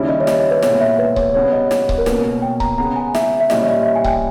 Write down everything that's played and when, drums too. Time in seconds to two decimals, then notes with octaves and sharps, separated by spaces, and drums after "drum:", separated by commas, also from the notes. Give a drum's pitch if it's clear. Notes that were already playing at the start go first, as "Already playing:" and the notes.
Already playing: D#2 C#3 G3 C#4 E4 C#5
0.09 D#5
0.20 C#5
0.27 D#5, drum: snare
0.51 B4
0.62 A#2 G#3 B3 E4 C#5, drum: snare
0.81 E5
0.99 B4
1.16 C#5, drum: kick C#1
1.35 C#3 G3 B3 C#5
1.53 D#5
1.71 C#5, drum: snare
1.89 C#5, drum: kick C#1
1.98 A#4
2.06 B2 A#3 C#4 B4, drum: snare
2.42 G5
2.60 A#5, drum: kick C#1
2.78 C#3 G#3 B3 A#5
2.96 G#5
3.14 E5, drum: snare
3.40 E5
3.50 A#2 G3 C#4 E4 D#5, drum: snare
3.64 E5
3.68 D#5
3.86 E5
3.95 G#5
4.04 G5, drum: kick C#1